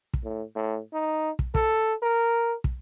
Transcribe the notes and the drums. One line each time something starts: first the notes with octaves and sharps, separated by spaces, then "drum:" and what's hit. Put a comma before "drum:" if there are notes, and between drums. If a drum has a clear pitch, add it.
drum: kick
A2
A2
D#4
drum: kick
A4, drum: kick
A#4
drum: kick